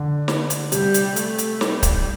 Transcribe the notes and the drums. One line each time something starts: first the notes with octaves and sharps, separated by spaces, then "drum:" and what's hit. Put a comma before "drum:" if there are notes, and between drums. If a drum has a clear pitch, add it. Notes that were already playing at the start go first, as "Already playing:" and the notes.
Already playing: D3
drum: snare
drum: hi-hat
C3 G3, drum: hi-hat
drum: hi-hat
A3, drum: hi-hat
drum: hi-hat
G3, drum: snare
drum: kick C#1, hi-hat